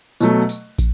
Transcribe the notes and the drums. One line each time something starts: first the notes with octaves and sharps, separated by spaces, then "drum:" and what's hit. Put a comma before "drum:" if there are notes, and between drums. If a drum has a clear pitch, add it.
B2 F#3 A3, drum: tambourine
drum: tambourine
drum: kick, tambourine